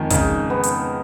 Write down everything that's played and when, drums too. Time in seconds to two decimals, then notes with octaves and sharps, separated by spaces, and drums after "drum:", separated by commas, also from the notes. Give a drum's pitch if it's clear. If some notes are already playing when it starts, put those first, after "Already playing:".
Already playing: F2 D#3 G#3
0.10 C#3 D#4, drum: kick, hi-hat
0.50 B3
0.63 drum: hi-hat